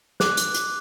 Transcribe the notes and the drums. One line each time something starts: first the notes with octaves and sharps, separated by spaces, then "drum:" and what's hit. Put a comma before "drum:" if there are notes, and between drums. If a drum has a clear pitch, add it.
D6 F#6, drum: snare
drum: hi-hat
drum: hi-hat